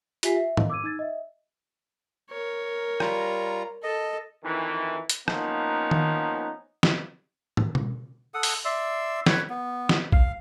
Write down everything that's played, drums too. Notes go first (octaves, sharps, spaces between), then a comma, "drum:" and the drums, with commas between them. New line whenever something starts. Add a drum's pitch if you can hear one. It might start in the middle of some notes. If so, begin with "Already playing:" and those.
F4 G4 E5 G#5 B6 C7, drum: hi-hat
E5
D#5 F5, drum: tom
D6 E6 G#6 D#7
D#4 E6 G#6 A6
D#5 E5
A#4 C#5
G3 F4 A#5, drum: rim click
A4 D#5
F2 D#3 E3
drum: hi-hat
F3 A#3 B3 C#4 D#4, drum: rim click
drum: tom D#3
drum: snare
drum: tom
drum: tom B2
A4 F#5 D#6
drum: open hi-hat
D5 E5 C6 E6
B4 C#5 C#6, drum: snare
B3
drum: snare
F5, drum: kick A#1